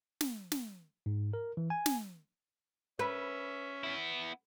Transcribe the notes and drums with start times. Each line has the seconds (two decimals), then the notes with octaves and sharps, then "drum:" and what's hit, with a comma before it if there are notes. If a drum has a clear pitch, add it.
0.21 drum: snare
0.52 drum: snare
1.06 G#2
1.33 A#4
1.57 E3
1.70 G#5
1.86 drum: snare
2.99 C#4 B4 E5
3.84 B3 E4